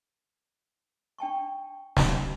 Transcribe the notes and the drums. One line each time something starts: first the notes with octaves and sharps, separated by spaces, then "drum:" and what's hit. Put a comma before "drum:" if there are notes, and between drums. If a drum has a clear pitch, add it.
D4 G5 A5 C#6
drum: snare